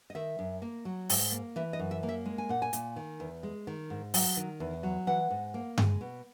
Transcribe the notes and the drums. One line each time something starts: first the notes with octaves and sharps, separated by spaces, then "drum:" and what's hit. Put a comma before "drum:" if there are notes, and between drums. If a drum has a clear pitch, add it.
D#5
D#3 E5
F#2
A#3
F#3
G#2, drum: open hi-hat
A#3
E3 E5
D#5
F#2
E5
A#3
E5
G#3
G#5
A#2 F#5
G#5
A#2, drum: hi-hat
D#3
E2
G#3
D#3
G#2
F#3, drum: open hi-hat
D#3
E2
F#3
E3 F#5
G#2
A#3
G#3, drum: tom G2
B2